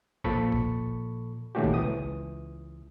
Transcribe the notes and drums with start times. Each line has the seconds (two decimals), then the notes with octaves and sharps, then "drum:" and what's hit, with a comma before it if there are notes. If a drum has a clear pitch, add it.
0.24 A#2 F3 A4 B5 C#6, drum: kick G#1
0.52 drum: kick G#1
1.55 A#2 D#3 A3 C#4 F#4 G4
1.64 drum: kick G#1
1.74 C#2 E3 D#6